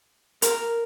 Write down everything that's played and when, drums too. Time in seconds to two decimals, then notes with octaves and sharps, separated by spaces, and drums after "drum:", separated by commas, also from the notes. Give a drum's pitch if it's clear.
0.42 A#4, drum: hi-hat